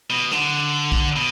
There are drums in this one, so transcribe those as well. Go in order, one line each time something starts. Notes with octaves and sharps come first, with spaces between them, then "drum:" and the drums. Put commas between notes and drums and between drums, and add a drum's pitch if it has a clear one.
B2
D3, drum: rim click
drum: kick
B2